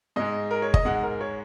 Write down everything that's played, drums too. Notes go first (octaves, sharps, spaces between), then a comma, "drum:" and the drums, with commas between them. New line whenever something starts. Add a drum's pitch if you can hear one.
G#2 G#3 D#5
A#4
C#5
D#5, drum: kick G1
G#2 G#3 F#5
A#4
C#5